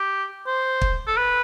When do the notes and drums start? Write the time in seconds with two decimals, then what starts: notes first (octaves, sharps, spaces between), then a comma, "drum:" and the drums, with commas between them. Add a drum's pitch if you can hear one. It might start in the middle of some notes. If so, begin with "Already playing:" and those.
Already playing: G4
0.47 C5
0.81 drum: kick
1.07 A4
1.17 B4